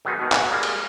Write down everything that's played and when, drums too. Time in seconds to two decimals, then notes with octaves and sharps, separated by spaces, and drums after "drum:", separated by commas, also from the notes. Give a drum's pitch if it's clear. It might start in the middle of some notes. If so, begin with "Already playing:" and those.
0.05 D#3 F#3 G#3 B3 D#4
0.19 B2 D#3
0.32 F#4, drum: clap
0.50 G3 G#3 A#3
0.63 drum: cymbal